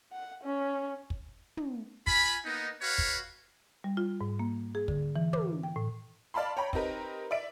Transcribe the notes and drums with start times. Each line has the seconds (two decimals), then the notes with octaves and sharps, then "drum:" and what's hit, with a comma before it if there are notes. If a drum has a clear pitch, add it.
0.12 F#5
0.44 C#4
1.10 drum: kick
1.57 drum: tom
2.07 F4 G#5 B5, drum: kick
2.45 A#3 B3 D#4
2.81 F#4 B4 C#5 F5
2.98 drum: kick
3.84 G3
3.97 F4
4.21 G#2
4.39 A#3
4.75 G#4
4.88 D3, drum: kick
5.16 E3
5.33 D6, drum: tom
5.63 G5
5.76 A2
6.34 D5 F5 A5 B5 C6
6.57 C#5 G5 A#5 B5
6.73 C4 D#4 G4 A#4 B4, drum: kick
7.31 D5 E5 D7